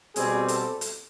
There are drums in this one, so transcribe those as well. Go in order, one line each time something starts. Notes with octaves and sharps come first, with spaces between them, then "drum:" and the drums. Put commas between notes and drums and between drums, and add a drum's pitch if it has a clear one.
B2 G3 C4 G#4, drum: hi-hat
A4, drum: hi-hat
drum: hi-hat